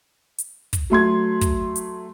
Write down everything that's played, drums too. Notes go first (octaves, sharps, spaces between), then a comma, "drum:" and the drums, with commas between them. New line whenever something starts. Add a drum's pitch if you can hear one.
drum: hi-hat
drum: kick, hi-hat
F#3 A3 C6 G#6
drum: kick, hi-hat
drum: hi-hat